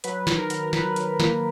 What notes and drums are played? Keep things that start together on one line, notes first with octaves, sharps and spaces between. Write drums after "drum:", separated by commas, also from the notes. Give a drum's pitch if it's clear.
F#3 B4, drum: hi-hat
D#3, drum: snare
A#4
F#3, drum: hi-hat
F#3 B4, drum: snare
F#3, drum: hi-hat
A#3, drum: snare